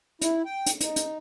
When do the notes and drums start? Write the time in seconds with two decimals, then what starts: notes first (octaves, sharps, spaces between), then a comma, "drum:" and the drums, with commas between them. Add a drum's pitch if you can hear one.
0.21 E4, drum: hi-hat
0.45 G5
0.66 drum: hi-hat
0.81 D#4, drum: hi-hat
0.96 drum: hi-hat